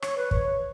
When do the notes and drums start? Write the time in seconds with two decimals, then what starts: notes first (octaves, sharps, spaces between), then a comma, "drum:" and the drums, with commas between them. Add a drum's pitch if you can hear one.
0.02 C#5, drum: rim click
0.17 B4
0.31 C#5, drum: kick